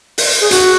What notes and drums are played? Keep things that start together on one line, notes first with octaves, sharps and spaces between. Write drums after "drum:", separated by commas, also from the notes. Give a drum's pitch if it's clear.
drum: open hi-hat
G#4
F#4, drum: hi-hat